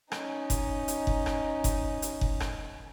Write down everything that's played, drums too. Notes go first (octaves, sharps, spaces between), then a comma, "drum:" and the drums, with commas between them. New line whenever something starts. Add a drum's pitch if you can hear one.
C#4 D#4, drum: rim click
drum: kick F#1, hi-hat
drum: hi-hat
drum: kick F#1
drum: rim click
drum: kick F#1, hi-hat
drum: hi-hat
drum: kick F#1
drum: rim click